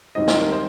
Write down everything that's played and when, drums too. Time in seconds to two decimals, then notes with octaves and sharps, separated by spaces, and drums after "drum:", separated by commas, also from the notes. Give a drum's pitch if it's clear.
0.15 D#2 D#3 G3 C4 D#5
0.27 C5, drum: snare
0.40 A#4
0.52 C5